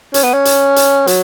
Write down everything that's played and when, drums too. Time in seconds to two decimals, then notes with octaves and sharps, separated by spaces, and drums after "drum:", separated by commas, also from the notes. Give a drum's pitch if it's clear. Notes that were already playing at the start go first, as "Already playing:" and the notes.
0.14 C#4, drum: hi-hat
0.24 B3
0.34 C#4
0.45 drum: hi-hat
0.76 drum: hi-hat
1.07 F#3, drum: hi-hat